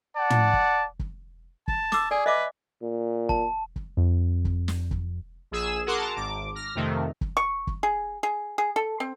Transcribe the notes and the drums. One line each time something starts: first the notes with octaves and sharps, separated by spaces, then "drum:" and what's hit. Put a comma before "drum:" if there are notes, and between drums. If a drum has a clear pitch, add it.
D5 F#5 A5
drum: tom
drum: kick
drum: kick
A5, drum: kick
D6 E6, drum: snare
G#4 D5 G#5
B4 D#5 E5 D6
A#2
A5, drum: kick
drum: kick
F2
drum: kick
drum: snare
drum: kick
A#1 G#4 E6 E7
F#4 G#4 A#4 F#5 C6 D6
A5 A#5
G#1 D6
F6 A#6
F2 C3 D#3 A3
drum: kick
C#6
drum: kick
G#4
G#4
G#4
A4
C4